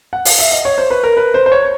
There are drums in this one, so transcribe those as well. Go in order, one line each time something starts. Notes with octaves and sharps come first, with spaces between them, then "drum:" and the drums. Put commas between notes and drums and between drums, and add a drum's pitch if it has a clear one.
F#5
F5, drum: open hi-hat
E5
D#5
C#5
C5
B4
A#4
B4
C5
C5
C#5